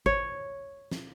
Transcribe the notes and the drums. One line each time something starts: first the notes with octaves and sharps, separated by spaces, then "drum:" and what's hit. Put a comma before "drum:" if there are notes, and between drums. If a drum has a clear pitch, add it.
C#5, drum: kick G#1
drum: snare